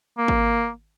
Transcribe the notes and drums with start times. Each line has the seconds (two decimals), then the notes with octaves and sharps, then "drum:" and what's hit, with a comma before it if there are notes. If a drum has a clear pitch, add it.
0.18 A#3
0.28 drum: kick G#1